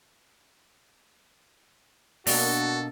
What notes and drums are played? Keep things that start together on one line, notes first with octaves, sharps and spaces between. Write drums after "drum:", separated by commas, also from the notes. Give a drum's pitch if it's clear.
B2 A#3 D4 F#4 A4, drum: open hi-hat